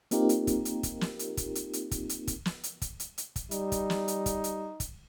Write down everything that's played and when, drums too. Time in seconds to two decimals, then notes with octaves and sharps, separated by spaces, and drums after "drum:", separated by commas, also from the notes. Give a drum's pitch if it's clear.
0.11 A#3 C4 D#4 F4 G4 A#4, drum: hi-hat
0.29 drum: hi-hat
0.47 drum: kick, hi-hat
0.65 drum: hi-hat
0.83 drum: kick, hi-hat
1.01 drum: snare
1.19 drum: hi-hat
1.37 drum: kick, hi-hat
1.55 drum: hi-hat
1.73 drum: hi-hat
1.91 drum: kick, hi-hat
2.09 drum: hi-hat
2.27 drum: kick, hi-hat
2.46 drum: snare
2.64 drum: hi-hat
2.82 drum: kick, hi-hat
3.00 drum: hi-hat
3.18 drum: hi-hat
3.36 drum: kick, hi-hat
3.51 G3 D#4, drum: hi-hat
3.72 drum: kick, hi-hat
3.90 drum: snare
4.08 drum: hi-hat
4.26 drum: kick, hi-hat
4.44 drum: hi-hat
4.80 drum: kick, hi-hat